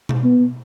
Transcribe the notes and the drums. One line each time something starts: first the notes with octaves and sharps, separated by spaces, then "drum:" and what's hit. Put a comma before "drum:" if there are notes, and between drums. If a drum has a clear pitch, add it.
drum: tom B2
B3